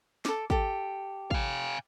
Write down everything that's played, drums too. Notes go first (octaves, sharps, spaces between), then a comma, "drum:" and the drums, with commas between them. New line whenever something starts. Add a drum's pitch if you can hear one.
A4 D6, drum: snare
G4 A4, drum: kick
F5 G#5, drum: kick